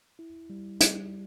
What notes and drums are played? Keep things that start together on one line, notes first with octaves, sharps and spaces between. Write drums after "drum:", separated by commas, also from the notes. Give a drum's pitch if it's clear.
E4
G3
G3, drum: hi-hat